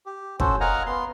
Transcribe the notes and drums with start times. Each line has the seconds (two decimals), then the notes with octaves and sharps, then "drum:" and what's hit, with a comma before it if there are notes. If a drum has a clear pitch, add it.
0.06 G4
0.40 C#4 F#4 A4 C5, drum: kick
0.60 A#4 D#5 F5 F#5 G#5 A#5
0.86 B3 C6